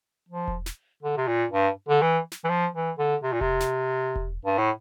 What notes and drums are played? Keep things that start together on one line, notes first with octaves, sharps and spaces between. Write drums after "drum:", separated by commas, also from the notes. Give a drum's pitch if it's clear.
F3
drum: kick E1
drum: snare
D3
C3
A#2
G2
D3
E3
drum: snare
E3
F3
E3
D3
C3
A#2
C3, drum: kick E1
drum: snare
drum: kick E1
G2
A2